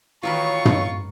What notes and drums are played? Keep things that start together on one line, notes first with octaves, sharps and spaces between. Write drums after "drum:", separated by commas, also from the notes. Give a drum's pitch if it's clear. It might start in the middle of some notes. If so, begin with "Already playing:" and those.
A2 D#3 E3 F4 F#4 A#4 B4 C#6
drum: tom